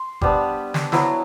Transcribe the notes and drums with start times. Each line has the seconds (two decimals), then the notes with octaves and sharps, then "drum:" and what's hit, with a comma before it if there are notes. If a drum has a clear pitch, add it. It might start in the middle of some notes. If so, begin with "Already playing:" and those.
Already playing: C6
0.21 G3 B3 D4, drum: kick G1
0.74 drum: snare
0.92 F#3 B3 E4, drum: snare